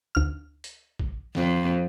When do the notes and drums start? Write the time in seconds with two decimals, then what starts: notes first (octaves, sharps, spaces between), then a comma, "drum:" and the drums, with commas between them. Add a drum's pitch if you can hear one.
0.15 D2 F6
0.64 drum: hi-hat
0.99 drum: kick A1
1.35 F2, drum: snare